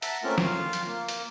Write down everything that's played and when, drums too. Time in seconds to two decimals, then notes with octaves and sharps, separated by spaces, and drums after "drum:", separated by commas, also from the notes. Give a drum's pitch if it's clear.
0.02 E5 F#5 A5 A#5 E6 F#6, drum: hi-hat
0.24 A3 A#3 C4 C#4 F4 A#4
0.38 F4 F5, drum: snare
0.73 drum: hi-hat
0.86 A#3
1.08 drum: hi-hat